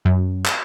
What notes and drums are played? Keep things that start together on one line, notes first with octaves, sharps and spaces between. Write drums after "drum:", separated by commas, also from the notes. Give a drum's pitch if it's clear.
F#2
drum: clap